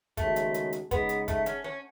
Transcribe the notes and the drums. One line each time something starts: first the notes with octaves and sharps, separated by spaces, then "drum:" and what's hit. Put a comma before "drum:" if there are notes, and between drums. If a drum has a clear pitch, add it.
D#2 C#3 G#3 A3 D#4 F#4, drum: kick, hi-hat
drum: hi-hat
drum: hi-hat
drum: hi-hat
C#3 G#3 B3 D#4 G#4, drum: kick, hi-hat
drum: hi-hat
A3, drum: kick, hi-hat
C#4, drum: hi-hat
C#4